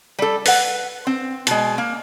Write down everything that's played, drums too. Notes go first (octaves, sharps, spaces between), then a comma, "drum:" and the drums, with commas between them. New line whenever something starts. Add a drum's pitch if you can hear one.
G3 A4
B4 F#5, drum: open hi-hat
C4
B2 G#3, drum: hi-hat
A#3